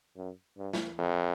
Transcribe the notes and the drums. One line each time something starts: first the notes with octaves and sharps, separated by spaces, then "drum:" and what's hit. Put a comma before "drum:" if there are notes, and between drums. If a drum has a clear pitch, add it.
F#2
G2
drum: snare
F2